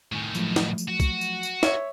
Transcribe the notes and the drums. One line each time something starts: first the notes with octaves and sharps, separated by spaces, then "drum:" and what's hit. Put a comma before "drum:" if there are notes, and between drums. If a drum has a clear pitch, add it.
A2 D#3 G#5 C#6
F3 F#3 A3, drum: tambourine
drum: snare
drum: tambourine
F#4
drum: kick, tambourine
drum: tambourine
drum: tambourine
C#5 E5, drum: snare